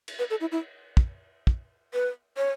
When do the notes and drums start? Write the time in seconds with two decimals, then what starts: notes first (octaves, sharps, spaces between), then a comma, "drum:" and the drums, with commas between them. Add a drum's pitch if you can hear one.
0.08 drum: cymbal
0.19 B4
0.30 A4
0.41 E4
0.52 E4
0.97 drum: kick
1.47 drum: kick
1.94 B4
2.37 C#5